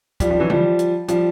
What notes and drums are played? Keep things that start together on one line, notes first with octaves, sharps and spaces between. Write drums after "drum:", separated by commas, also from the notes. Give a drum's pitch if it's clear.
F3 G3, drum: kick, hi-hat
F3 G3
E3 F#3
F3 G3, drum: tom D3
drum: hi-hat
F3 G3, drum: hi-hat